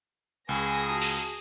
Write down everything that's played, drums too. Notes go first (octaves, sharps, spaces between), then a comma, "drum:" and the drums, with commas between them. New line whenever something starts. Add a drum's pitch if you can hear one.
C#2 G#4 G#5 B5 C#6 D#6 A#6
F#4 A5 A#5
drum: open hi-hat